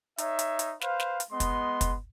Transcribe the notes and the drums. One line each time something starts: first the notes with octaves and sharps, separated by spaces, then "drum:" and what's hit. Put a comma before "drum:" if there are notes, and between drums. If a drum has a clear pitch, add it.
D#4 C#5 E5, drum: hi-hat
drum: hi-hat
drum: hi-hat
B4 C5 F5, drum: snare
drum: snare
drum: hi-hat
G#3 B3 D#5 C6
drum: kick, hi-hat
drum: kick, hi-hat